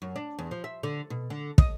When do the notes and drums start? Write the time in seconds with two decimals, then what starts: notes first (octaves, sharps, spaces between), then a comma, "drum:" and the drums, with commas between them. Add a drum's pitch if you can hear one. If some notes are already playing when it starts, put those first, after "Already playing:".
0.02 F#2
0.16 D4
0.39 E2
0.51 F3
0.64 E5
0.83 D3
1.10 B2
1.30 D3
1.58 D#5, drum: kick